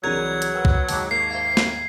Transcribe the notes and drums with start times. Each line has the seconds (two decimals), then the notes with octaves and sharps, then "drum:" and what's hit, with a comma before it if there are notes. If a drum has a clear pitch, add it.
0.04 C2 E3 F#3 G#4 A#4 A#5 G#6
0.42 drum: hi-hat
0.53 B4 F#5 E6
0.65 drum: kick
0.89 D#2 G#2 A5 C#6 D6, drum: open hi-hat
1.11 A#3 C7
1.31 C5 E5 F5
1.57 drum: snare